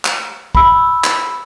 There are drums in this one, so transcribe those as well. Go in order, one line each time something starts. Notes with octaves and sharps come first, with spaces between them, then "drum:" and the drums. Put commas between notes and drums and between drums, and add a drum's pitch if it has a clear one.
drum: clap
B5 E6, drum: kick
drum: clap